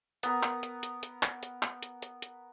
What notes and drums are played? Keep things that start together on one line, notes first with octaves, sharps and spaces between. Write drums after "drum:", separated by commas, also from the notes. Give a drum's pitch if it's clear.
B3 A#4, drum: hi-hat
drum: clap
drum: hi-hat
drum: hi-hat
drum: hi-hat
drum: clap
drum: hi-hat
drum: clap
drum: hi-hat
drum: hi-hat
drum: hi-hat